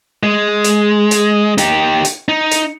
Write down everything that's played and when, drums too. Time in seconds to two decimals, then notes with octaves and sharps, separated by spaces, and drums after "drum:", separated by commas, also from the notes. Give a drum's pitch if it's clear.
0.23 G#3
0.64 drum: hi-hat
1.11 drum: hi-hat
1.58 D#4 G4, drum: hi-hat
2.05 drum: hi-hat
2.28 D#4
2.51 drum: hi-hat